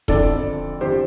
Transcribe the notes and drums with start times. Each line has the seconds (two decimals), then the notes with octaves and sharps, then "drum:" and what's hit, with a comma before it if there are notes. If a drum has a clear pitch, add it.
0.08 F2 D3 A4 D5, drum: kick D#1
0.81 F2 D3 G4 C5